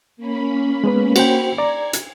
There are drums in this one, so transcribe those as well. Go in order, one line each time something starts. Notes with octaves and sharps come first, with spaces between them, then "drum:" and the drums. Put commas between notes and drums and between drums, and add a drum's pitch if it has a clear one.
A#3 C#4 B5
G#3 B3 B4
F#4 C5 G5, drum: cymbal
D5 A#5 G#6
drum: hi-hat